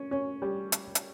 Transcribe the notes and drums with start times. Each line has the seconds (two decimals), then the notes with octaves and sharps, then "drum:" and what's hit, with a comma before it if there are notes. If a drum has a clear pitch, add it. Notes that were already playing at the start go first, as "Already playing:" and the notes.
Already playing: C#4
0.11 C#4
0.42 G3
0.72 drum: hi-hat
0.95 drum: hi-hat